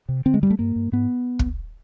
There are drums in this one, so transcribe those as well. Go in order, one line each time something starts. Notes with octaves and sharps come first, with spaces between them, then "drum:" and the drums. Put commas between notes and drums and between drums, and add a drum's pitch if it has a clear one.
C3
D3 C4
G#3
G2 G3
A3
G2 A#3
G2
G#2 B3
drum: kick